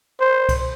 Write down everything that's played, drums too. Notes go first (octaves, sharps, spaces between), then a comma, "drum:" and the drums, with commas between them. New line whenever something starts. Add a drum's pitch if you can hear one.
C5
drum: kick C2, cymbal